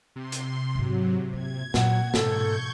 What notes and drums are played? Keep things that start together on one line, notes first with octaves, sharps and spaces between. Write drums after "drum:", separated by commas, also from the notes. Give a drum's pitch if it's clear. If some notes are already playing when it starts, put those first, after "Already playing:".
C3 C6
drum: hi-hat
G#2 D3 F#3
A#3 F4 G#6
A#2 F#3 F#5, drum: snare
G#2 B2 E3 A4 C#6 G6 G#6, drum: snare